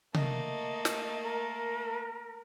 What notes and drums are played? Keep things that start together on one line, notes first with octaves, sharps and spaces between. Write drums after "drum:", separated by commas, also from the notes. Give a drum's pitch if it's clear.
A3 A#3 D#5, drum: tom C3
drum: snare
A#4